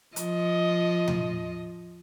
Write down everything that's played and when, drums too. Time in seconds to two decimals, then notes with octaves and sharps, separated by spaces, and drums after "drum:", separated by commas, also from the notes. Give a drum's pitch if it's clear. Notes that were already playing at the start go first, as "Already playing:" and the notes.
0.16 F3 D#5, drum: hi-hat
1.08 drum: tom